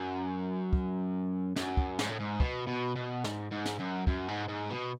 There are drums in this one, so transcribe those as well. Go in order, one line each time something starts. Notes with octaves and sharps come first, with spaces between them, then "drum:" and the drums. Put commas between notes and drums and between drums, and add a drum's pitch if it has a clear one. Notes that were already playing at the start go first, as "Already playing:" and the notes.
Already playing: F#2
drum: kick
F#2, drum: snare
drum: kick
G#2, drum: snare
A2
G#2
B2, drum: kick
B2
B2
G#2, drum: snare
G#2
drum: snare
F#2
F#2, drum: kick
G#2
G#2
B2